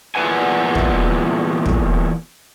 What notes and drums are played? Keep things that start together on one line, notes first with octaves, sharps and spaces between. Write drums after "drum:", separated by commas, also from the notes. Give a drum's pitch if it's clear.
E2 A#2 A3 B4 F#5 G#5
drum: kick
drum: kick